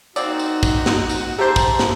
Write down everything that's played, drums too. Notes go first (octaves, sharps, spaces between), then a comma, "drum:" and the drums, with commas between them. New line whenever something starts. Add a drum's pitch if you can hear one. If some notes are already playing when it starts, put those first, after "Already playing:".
A#3 C4 D#4 F#4 D5, drum: tambourine
drum: tambourine
drum: kick, tambourine
drum: snare
drum: tambourine
A3 G4 C5 A#5
drum: kick, tambourine
drum: snare